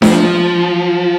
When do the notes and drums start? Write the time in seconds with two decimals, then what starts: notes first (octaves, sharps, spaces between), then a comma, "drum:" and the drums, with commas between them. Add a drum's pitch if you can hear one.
0.02 F3, drum: snare D4